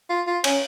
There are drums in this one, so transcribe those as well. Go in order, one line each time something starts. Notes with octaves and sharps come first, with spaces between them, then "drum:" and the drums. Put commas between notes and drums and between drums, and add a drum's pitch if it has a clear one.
F4
F4
C#4, drum: cymbal